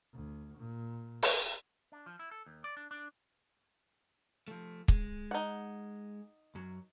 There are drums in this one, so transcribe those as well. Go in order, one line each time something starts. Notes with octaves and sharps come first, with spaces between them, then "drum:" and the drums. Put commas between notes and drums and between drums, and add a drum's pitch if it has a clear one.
D2
A#2
drum: open hi-hat
D4
F3
E4
A4
D#2
D5
D4
D4
F3 A3
G#3, drum: kick
D#4 F#5
F#2 F#3